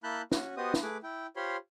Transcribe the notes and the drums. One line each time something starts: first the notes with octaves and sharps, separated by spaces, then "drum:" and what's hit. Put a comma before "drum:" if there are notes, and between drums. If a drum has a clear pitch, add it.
A#3 E4 A5 B5 F#6 G6
C#4 F#4, drum: snare
B3 F#4 G4 C5 D#5 D#6
drum: snare
A3 G#4 B4 D6
E4 G5
F4 G4 C5 C#5 B5 C6